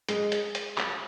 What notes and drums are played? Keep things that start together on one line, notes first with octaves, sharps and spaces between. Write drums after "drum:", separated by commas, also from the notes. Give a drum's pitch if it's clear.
G#3, drum: hi-hat
drum: hi-hat
drum: hi-hat
drum: clap